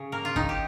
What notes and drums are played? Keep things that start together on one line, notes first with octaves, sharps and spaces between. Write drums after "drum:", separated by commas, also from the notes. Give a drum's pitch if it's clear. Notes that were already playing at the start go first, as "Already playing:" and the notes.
Already playing: C#3
A#3 A#4
F4
D#3 D#4, drum: kick G1
G4